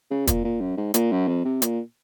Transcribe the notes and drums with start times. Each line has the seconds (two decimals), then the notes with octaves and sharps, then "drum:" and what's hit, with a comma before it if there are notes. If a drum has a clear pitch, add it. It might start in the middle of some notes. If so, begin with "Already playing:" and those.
0.11 C#3
0.27 A#2, drum: kick, hi-hat
0.44 A#2
0.61 F#2
0.77 G#2
0.94 A#2, drum: hi-hat
1.12 F#2
1.28 F2
1.45 C3
1.62 A#2, drum: hi-hat